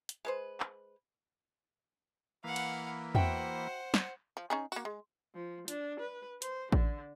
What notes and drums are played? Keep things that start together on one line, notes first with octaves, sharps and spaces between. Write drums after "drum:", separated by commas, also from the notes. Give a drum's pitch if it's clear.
drum: hi-hat
G#3 B4 C5
drum: clap
E3 A#3 B4 F5 F#5
drum: cymbal
F#4 C5 E5 F#5 G5, drum: tom E2
drum: snare
F3
C#4 D#4 G#4
A#3 F#4, drum: tambourine
G#3
F3
D4, drum: hi-hat
B4
C5, drum: hi-hat
D3, drum: kick A1